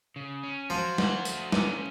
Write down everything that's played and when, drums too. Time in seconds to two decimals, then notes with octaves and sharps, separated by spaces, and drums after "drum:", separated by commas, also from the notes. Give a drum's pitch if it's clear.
0.16 C#3
0.43 C#4
0.70 F3 F#3
0.98 F#4, drum: snare
1.25 A3, drum: tambourine
1.52 C#4, drum: snare